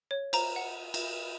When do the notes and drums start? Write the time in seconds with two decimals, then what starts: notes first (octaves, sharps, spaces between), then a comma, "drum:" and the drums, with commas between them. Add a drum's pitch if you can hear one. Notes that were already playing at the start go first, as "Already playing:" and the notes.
0.11 C#5
0.33 C5 A#5, drum: cymbal
0.56 F#5
0.94 drum: cymbal